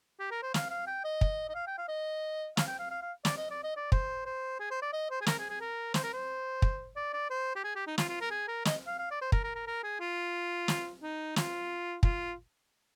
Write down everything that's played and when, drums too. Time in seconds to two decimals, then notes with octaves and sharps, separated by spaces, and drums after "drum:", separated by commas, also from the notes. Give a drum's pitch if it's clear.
0.19 G4
0.31 A#4
0.43 C5
0.54 F5, drum: snare
0.70 F5
0.87 G5
1.04 D#5
1.21 drum: kick
1.49 D#5
1.55 F5
1.67 G5
1.78 F5
1.88 D#5
2.57 F5, drum: snare
2.67 G5
2.79 F5
2.91 F5
3.02 F5
3.25 D5, drum: snare
3.37 D#5
3.51 D5
3.63 D#5
3.76 D5
3.92 C5, drum: kick
4.25 C5
4.59 G#4
4.71 C5
4.82 D5
4.93 D#5
5.10 C5
5.21 G#4
5.26 A#4, drum: snare
5.39 G#4
5.50 G#4
5.61 A#4
5.94 C5, drum: snare
6.04 A#4
6.13 C5
6.62 drum: kick
6.96 D5
7.13 D5
7.30 C5
7.55 G4
7.64 G#4
7.75 G4
7.87 D#4
7.98 F4, drum: snare
8.09 F4
8.21 A#4
8.31 G#4
8.48 A#4
8.65 D#5, drum: snare
8.87 F5
8.99 F5
9.11 D5
9.21 C5
9.32 A#4, drum: kick
9.44 A#4
9.55 A#4
9.67 A#4
9.84 G#4
10.00 F4
10.68 drum: snare
11.02 D#4
11.36 F4, drum: snare
12.03 F4, drum: kick